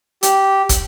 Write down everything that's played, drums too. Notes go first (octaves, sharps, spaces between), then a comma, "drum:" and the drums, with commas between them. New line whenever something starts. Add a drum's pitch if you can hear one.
G4, drum: hi-hat
drum: kick, hi-hat